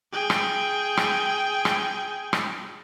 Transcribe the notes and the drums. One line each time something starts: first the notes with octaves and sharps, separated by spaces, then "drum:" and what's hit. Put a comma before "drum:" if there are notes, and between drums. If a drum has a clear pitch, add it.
G#4 G5
drum: rim click
drum: rim click
drum: rim click
drum: rim click